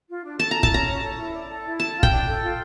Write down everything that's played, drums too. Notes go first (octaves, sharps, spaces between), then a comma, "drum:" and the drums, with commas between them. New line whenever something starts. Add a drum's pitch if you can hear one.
F4
D4
A4 A5
E4 A#5
A5, drum: kick
C#4 A#5
C#5
A4
E4
D5
A4
E4
A4 A5
F4
G5, drum: kick
D4
A4
F4